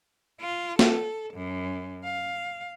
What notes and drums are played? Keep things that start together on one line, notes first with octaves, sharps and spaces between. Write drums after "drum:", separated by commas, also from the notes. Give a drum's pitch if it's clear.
F4
A4, drum: snare
F#2
F5